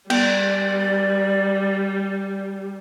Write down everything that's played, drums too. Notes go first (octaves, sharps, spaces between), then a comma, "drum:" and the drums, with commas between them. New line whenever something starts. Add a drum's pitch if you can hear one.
G3 B3 D5, drum: cymbal